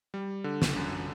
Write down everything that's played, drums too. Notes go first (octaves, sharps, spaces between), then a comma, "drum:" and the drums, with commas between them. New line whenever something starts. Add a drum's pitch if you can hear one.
G3
D3
drum: snare
F#2